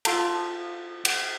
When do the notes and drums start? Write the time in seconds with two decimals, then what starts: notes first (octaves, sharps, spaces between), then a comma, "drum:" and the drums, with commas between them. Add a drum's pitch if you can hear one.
0.05 F4 A4, drum: cymbal
1.05 drum: cymbal